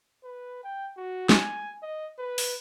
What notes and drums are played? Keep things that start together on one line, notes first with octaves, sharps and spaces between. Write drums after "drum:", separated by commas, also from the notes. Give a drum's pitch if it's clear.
B4
G5
F#4
G#5, drum: snare
D#5
B4
drum: open hi-hat